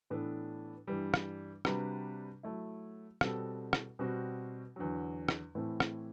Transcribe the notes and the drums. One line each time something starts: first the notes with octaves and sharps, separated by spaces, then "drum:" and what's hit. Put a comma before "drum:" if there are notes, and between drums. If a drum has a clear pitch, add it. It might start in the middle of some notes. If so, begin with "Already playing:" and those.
A2 E3 B3 D4 A4
G2 E3 G3
drum: rim click
C3 G3 D4 F#4 B4, drum: rim click
F#3 A3 E4
B2 G3 C4 F#4 A4, drum: rim click
drum: rim click
B2 G3 C4 F#4
E2 D3 F#3
drum: rim click
A2 E3 A3 C4
drum: rim click